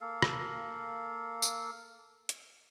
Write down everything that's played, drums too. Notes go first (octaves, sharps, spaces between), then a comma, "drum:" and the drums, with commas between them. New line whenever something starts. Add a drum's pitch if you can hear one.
A#3 A4 F5
drum: rim click
drum: tambourine
drum: hi-hat